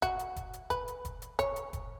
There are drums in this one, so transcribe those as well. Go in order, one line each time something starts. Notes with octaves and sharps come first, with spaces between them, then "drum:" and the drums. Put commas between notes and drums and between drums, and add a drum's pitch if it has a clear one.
F#4, drum: kick F1, hi-hat
drum: hi-hat
drum: kick F1, hi-hat
drum: hi-hat
B4, drum: kick F1, hi-hat
drum: hi-hat
drum: kick F1, hi-hat
drum: hi-hat
C#5, drum: kick F1, hi-hat
drum: hi-hat
drum: kick F1, hi-hat